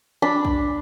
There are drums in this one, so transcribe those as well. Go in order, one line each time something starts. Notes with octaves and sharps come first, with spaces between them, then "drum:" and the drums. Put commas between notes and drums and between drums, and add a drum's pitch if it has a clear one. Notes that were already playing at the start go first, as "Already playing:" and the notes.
D4 B5
drum: kick